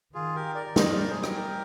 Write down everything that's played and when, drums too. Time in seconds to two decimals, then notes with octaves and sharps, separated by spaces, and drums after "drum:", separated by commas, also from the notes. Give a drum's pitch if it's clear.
0.14 D#3 F4 G#4
0.35 G4 A#4
0.55 A#4 D5
0.66 D5
0.76 C5 D#5, drum: snare
0.96 G3 A#4 D5
1.10 G#4 C5
1.23 G4 A#4, drum: rim click